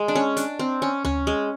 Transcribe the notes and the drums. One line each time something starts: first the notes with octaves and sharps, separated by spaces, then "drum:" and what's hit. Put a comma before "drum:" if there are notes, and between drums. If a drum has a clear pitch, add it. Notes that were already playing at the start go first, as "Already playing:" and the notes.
Already playing: G#3
D4
C#4
D4, drum: hi-hat
C4
C#4
C#4, drum: tom D2
G#3